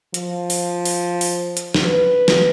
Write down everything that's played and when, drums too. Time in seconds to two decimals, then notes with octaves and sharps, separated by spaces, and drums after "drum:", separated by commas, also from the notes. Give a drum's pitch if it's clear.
0.14 F3, drum: hi-hat
0.50 drum: open hi-hat
0.85 drum: open hi-hat
1.21 drum: open hi-hat
1.57 drum: hi-hat
1.74 drum: snare
1.85 B4
2.28 drum: snare